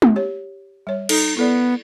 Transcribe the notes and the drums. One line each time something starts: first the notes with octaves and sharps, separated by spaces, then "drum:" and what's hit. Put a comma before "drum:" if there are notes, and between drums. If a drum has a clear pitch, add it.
drum: tom G#3
G4 C#5
G3 C#5
D#4 A4, drum: cymbal
B3 E4 A4 D5